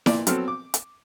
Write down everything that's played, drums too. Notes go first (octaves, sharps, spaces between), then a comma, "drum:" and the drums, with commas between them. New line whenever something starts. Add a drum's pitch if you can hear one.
A#2 D5, drum: snare E4
F#3 B3 C4 A4 F6, drum: hi-hat
D6
drum: hi-hat